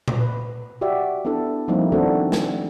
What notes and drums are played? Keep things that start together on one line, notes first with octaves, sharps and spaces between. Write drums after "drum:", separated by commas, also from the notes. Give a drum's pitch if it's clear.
drum: tom A#2
B4
F#4 G4 D5 E5
B3 D4 E4 A4
F3 G3 A#3 C4 D#4 E4
D#3 A3 C4 D4 F#4 A4
drum: snare